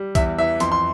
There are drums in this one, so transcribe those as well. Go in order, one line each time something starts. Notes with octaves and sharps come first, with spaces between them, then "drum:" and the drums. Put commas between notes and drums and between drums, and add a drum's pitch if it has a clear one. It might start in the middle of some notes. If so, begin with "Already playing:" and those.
Already playing: G3
E2 E5, drum: kick B1, hi-hat
E3 E5
F2 C6, drum: hi-hat
C6